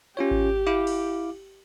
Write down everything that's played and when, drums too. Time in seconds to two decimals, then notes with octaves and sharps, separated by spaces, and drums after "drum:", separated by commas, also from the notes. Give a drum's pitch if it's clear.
0.17 C#4 F4 G4 C#5
0.31 drum: kick G#1
0.67 E4 F5 D6
0.87 drum: cymbal